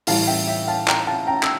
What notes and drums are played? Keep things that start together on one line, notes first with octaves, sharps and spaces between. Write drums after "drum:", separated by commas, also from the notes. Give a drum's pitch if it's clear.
A2 E3 G3 F5 A5, drum: open hi-hat
E5 G5
E5
F5 A5
G5 A#5, drum: clap
F5 A5
G5 A#5
E6, drum: clap